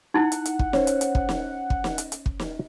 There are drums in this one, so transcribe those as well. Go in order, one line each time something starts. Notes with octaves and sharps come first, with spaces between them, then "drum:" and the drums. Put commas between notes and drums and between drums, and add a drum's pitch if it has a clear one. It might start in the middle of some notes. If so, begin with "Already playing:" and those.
D#4 E4 F#5
drum: hi-hat
drum: hi-hat
drum: kick
C#4 C5, drum: snare
drum: hi-hat
drum: hi-hat
drum: kick
drum: snare
drum: kick
drum: snare
drum: hi-hat
drum: hi-hat
drum: kick
drum: snare